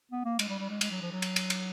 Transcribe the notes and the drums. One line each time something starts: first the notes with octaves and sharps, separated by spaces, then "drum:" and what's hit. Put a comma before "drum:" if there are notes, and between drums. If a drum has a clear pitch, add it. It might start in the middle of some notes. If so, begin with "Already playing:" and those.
B3
A#3
G#3, drum: cymbal
G3
G3
G#3
G#3, drum: cymbal
F#3
F3
F#3
drum: cymbal
drum: cymbal
drum: cymbal